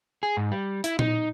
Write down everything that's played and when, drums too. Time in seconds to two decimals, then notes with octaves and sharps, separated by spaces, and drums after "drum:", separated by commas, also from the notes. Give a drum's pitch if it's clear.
0.23 G#4
0.37 G#2
0.51 G3
0.84 E4, drum: hi-hat
0.99 D#4, drum: tom A#2